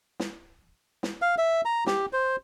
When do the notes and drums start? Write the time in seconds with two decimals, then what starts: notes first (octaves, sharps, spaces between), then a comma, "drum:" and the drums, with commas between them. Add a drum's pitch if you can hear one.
0.20 drum: snare
1.03 drum: snare
1.22 F5
1.38 E5
1.65 A#5
1.86 G4, drum: snare
2.13 C5